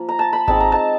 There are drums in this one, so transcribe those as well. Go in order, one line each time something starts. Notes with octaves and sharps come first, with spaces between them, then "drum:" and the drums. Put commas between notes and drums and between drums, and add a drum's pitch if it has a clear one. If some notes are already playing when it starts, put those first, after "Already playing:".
Already playing: F3 A#3 F4
A#5
A5
B5
G#3 C4 D#4 A5, drum: kick G#1
A#5
A5